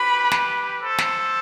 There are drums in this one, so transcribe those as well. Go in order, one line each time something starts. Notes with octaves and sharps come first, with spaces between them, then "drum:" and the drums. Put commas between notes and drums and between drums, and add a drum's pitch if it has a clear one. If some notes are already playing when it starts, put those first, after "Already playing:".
Already playing: G4 B4 B5
drum: snare
A4 C5
drum: snare